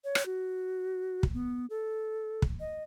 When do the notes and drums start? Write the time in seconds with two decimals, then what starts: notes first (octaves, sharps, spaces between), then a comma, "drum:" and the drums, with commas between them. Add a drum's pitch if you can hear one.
0.04 C#5
0.15 drum: rim click
0.26 F#4
1.23 drum: kick
1.34 B3
1.70 A4
2.42 drum: kick
2.60 D#5